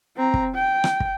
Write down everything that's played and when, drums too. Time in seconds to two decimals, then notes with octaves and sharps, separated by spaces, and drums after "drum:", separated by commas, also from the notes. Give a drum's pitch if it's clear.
0.17 C4 A#5
0.34 drum: kick
0.55 G5
0.84 drum: rim click
1.00 drum: kick